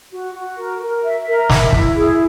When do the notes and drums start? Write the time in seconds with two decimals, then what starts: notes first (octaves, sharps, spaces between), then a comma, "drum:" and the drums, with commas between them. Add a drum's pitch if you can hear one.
0.11 F#4
0.34 F#4
0.57 A#4
0.80 A#4
1.03 E5
1.26 A#4
1.50 E5, drum: snare
1.73 E4, drum: kick
1.95 G#4